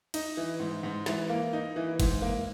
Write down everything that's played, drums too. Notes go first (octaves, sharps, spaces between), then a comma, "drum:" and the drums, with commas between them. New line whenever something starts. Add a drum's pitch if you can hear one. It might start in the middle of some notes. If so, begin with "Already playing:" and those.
D#4, drum: cymbal
E3
G#2
G#2
E3, drum: snare
A#3
D#4
E3
G#2, drum: kick, cymbal
A#3